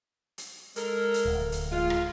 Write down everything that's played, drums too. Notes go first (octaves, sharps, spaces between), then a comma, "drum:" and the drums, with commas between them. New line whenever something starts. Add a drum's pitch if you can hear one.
drum: hi-hat
G#3 A4 A#4, drum: hi-hat
drum: hi-hat
D1
drum: hi-hat
G#3 F4
drum: rim click